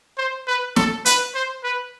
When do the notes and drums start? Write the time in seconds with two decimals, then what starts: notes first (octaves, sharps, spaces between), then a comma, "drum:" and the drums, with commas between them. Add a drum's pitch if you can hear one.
0.18 C5
0.47 B4
0.76 A4, drum: snare
1.05 B4, drum: hi-hat
1.35 C5
1.64 B4